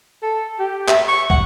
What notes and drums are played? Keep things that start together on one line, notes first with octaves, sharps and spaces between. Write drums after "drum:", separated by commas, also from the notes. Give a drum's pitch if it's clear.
A4
G4
E5, drum: clap
C#6
F#5, drum: kick